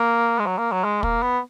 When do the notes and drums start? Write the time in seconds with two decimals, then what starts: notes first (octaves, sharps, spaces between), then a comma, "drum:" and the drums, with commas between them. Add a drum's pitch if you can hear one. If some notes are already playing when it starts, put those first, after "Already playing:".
Already playing: A#3
0.39 G#3
0.46 F#3
0.58 A#3
0.72 F#3
0.84 G#3
1.03 A#3, drum: kick
1.22 B3